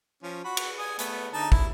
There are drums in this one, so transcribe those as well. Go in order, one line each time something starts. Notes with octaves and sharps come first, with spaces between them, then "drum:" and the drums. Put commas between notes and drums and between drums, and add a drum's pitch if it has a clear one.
F3 C#4
F#4 B5
drum: cymbal
G#5 D#6
A3 B3, drum: hi-hat
D3 D#4 A5
E4, drum: kick